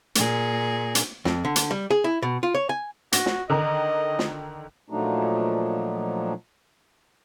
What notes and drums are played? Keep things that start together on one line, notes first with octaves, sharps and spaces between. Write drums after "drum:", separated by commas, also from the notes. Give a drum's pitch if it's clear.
A#2 G#4, drum: hi-hat
drum: hi-hat
F2, drum: snare
D3
drum: hi-hat
G3
G#4
E4
B2
F4
C#5
G#5
F#4 A#6, drum: hi-hat
drum: snare
D3 D#3 A#4 D#5
drum: snare
A#2 F3 F#3 A3 D4 D#4